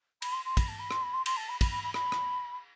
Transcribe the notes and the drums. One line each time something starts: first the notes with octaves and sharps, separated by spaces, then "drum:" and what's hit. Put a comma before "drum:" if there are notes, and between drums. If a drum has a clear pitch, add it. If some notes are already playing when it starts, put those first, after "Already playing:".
B5, drum: cymbal
C6
C6
B5, drum: kick, cymbal
A5
B5
C6, drum: rim click
B5
C6
C6, drum: cymbal
A5
B5
B5, drum: kick, cymbal
B5
B5
B5, drum: rim click
drum: rim click